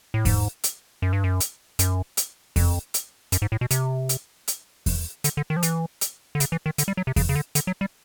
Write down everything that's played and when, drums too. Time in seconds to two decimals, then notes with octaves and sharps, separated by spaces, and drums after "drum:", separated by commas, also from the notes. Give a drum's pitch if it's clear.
0.14 A2
0.25 G#2, drum: kick E2, open hi-hat
0.64 drum: hi-hat
1.02 F#2
1.13 G2
1.24 F#2
1.40 drum: hi-hat
1.79 F#2, drum: hi-hat
2.17 drum: hi-hat
2.56 F2, drum: kick E2, open hi-hat
2.94 drum: hi-hat
3.32 F#2, drum: hi-hat
3.42 G#2
3.52 A2
3.61 B2
3.71 C3, drum: hi-hat
4.09 drum: hi-hat
4.48 drum: hi-hat
4.86 drum: kick E2, open hi-hat
5.24 D3, drum: hi-hat
5.37 D3
5.50 D#3
5.57 F3
5.63 E3, drum: hi-hat
6.01 drum: hi-hat
6.35 D3
6.40 C#3, drum: hi-hat
6.52 E3
6.66 D#3
6.78 D3, drum: hi-hat
6.88 G3
6.97 F#3
7.07 C3
7.16 C#3, drum: kick E2, open hi-hat
7.29 C#3
7.35 D3
7.55 D3, drum: hi-hat
7.67 F#3
7.81 G3